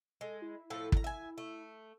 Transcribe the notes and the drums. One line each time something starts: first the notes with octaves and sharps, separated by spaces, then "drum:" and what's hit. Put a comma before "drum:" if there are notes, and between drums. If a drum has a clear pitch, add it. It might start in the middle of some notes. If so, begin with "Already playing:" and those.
G#3 A4
E4
A2 F3 A4
D4 A#5, drum: kick
E5 G#5
A3